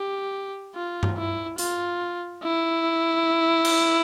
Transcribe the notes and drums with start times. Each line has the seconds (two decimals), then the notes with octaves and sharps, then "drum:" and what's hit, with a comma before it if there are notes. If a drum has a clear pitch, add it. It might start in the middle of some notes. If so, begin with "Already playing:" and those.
Already playing: G4
0.75 F4
1.03 drum: tom G2
1.17 E4
1.58 F4, drum: hi-hat
2.43 E4
3.65 drum: cymbal